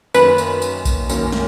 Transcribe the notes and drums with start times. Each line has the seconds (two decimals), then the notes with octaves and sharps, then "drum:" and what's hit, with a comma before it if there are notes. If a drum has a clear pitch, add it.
0.14 F#2 D#3 A#3 C#4 B4, drum: tambourine
0.38 drum: tambourine
0.62 drum: tambourine
0.85 drum: kick A#1, tambourine
1.09 F#2 D#3 A#3 C#4, drum: tambourine
1.32 drum: snare